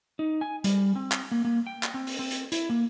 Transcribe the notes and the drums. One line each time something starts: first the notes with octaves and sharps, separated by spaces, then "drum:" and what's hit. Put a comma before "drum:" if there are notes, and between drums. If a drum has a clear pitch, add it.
D#4
G#5
G3, drum: hi-hat
C4
drum: clap
A#3
A#3
G5
drum: clap
C4
drum: open hi-hat
C4
drum: hi-hat
E4, drum: hi-hat
A#3